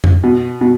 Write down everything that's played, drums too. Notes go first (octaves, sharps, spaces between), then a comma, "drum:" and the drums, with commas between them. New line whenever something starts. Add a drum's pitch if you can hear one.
drum: tom F2
B2
B2